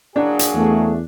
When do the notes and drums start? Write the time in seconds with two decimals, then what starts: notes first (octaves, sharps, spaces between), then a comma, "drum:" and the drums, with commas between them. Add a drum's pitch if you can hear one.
0.16 F#3 A#3 D4 G#4
0.39 drum: hi-hat
0.55 E2 A3